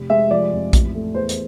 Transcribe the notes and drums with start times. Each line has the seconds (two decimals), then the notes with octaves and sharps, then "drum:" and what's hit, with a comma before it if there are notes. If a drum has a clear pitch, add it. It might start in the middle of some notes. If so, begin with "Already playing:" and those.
Already playing: F1
0.10 G#3 E5
0.31 F3 D5
0.52 F2
0.73 A1, drum: kick A#1, hi-hat
0.94 A3
1.14 E2 C5
1.29 drum: hi-hat